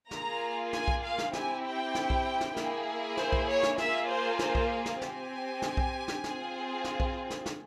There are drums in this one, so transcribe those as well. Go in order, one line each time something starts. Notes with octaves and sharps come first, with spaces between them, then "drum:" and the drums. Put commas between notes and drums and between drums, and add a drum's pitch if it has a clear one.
A#3 F4 G#4 A#5, drum: snare
G#5, drum: snare
drum: kick B1
F5
drum: snare
C4 E4 G4 G#5, drum: snare
G5
drum: snare
drum: kick B1
drum: snare
A#3 E4 G#4, drum: snare
C5, drum: snare
drum: kick B1
C#5
drum: snare
A#3 F4 G#4 E5, drum: snare
C5
C5, drum: snare
drum: kick B1
drum: snare
C4 G4 G#5, drum: snare
drum: snare
drum: kick B1
drum: snare
C4 F4 G#4, drum: snare
drum: snare
drum: kick B1
drum: snare
drum: snare